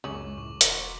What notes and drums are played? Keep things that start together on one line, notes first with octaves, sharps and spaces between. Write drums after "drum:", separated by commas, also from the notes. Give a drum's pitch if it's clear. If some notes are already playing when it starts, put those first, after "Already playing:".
C#2 F#2 C#3 C#4 C#6 D6 F#7
G#3
A2 C#6
E1 F#4 A#4 C5 A#6 B6, drum: hi-hat